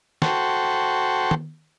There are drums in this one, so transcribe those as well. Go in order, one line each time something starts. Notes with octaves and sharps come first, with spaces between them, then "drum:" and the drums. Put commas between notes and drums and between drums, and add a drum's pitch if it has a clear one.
F#4 A4 C5 G5 C#6, drum: snare
drum: tom